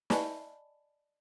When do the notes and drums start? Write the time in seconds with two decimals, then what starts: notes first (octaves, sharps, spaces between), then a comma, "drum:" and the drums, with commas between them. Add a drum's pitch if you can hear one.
0.10 D5 D#5 G#5 A5 B5 C#6, drum: snare